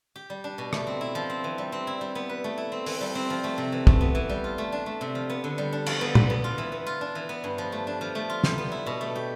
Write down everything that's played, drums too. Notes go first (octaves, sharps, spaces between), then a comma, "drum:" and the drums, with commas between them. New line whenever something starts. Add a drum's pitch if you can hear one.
G4
G3
D4
B2
A3, drum: rim click
C4
E4
F3
C4
E3
G3
C4
E4
G3
B3
B4
A3
E4
C4
E3, drum: open hi-hat
G3
C4
F3
A3
C3
E3
A3, drum: kick
B3
E3
G3
F4
A3
D4
A3
C3
F3
B3
D3
G3
D4
F3, drum: cymbal
B3
B4, drum: tom
B3
F4
E3
B3
F4
D4
E3
B3
G2
F3
A3
D4
F3
A3
F4
G3, drum: snare
B3
E4
B2
A3
G4